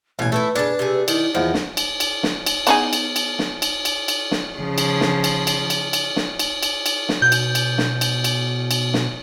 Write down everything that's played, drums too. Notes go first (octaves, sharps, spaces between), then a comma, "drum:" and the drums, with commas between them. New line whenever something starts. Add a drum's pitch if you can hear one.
A1 B2 C#5 G#5
A3 E4 G4 A4 B4
A#2 C#3 D4 A5
C3 A3 G#4
D#3 E4, drum: cymbal
E2 D#3 F3 F#5
drum: snare
drum: cymbal
drum: cymbal
drum: snare
drum: cymbal
B3 D#4 G#4, drum: cymbal
drum: cymbal
drum: cymbal
drum: snare
drum: cymbal
drum: cymbal
drum: cymbal
drum: snare
C#3 F3
drum: cymbal
drum: snare
drum: cymbal
drum: cymbal
drum: cymbal
drum: cymbal
drum: snare
drum: cymbal
drum: cymbal
drum: cymbal
drum: snare
B2 G6
drum: cymbal
drum: cymbal
drum: snare
drum: cymbal
drum: cymbal
drum: cymbal
drum: snare